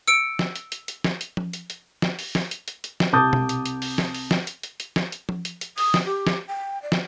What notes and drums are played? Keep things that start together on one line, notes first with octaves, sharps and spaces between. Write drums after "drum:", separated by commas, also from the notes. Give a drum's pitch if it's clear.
E6 C#7 D7
drum: snare
drum: hi-hat
drum: hi-hat
drum: hi-hat
drum: snare
drum: hi-hat
drum: tom F3
drum: hi-hat
drum: hi-hat
drum: snare
drum: open hi-hat
drum: snare
drum: hi-hat
drum: hi-hat
drum: hi-hat
drum: snare
C2 A5 D6 D#6 G6 A6
drum: tom B2
drum: hi-hat
drum: hi-hat
drum: open hi-hat
drum: snare
drum: open hi-hat
drum: snare
drum: hi-hat
drum: hi-hat
drum: hi-hat
drum: snare
drum: hi-hat
drum: tom F3
drum: hi-hat
drum: hi-hat
D#6, drum: open hi-hat
drum: snare
G4
drum: snare
G5
D5
drum: snare